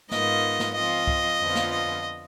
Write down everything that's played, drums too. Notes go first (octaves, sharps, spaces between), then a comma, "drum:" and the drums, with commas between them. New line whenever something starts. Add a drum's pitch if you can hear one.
G#2 D#3 B3 F4 D#5, drum: snare
drum: snare
F3 C4 F4 D#5
drum: kick C2
F2 D3 F3 B3 F4
drum: snare
D#5